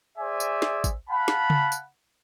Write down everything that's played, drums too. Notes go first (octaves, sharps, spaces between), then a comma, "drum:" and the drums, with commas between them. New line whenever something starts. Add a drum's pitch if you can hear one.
G#4 C5 D5 E5 G#5
drum: tambourine
drum: snare
drum: kick, tambourine
F5 F#5 A5 B5
drum: snare
drum: tom C#3
drum: tambourine